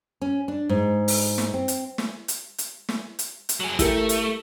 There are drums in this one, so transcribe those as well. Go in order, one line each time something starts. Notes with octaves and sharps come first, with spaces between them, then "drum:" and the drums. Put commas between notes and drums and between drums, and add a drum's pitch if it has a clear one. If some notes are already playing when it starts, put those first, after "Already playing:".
C#4
D4
G#2
drum: open hi-hat
drum: snare
C4
drum: hi-hat
drum: snare
drum: hi-hat
drum: hi-hat
drum: snare
drum: hi-hat
drum: hi-hat
F#3 G#4
A3 E4 G4 A#4, drum: kick, hi-hat
drum: hi-hat